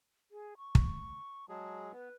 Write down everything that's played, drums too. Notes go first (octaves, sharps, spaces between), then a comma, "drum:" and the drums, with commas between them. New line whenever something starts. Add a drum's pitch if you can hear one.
G#4
C#6
drum: kick
F#3 G#3 G#4 A5
B3 B4